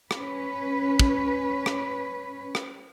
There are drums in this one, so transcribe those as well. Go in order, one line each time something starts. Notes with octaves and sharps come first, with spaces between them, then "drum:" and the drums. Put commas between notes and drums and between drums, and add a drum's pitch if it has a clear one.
C#4 B4, drum: rim click
drum: kick
drum: rim click
drum: rim click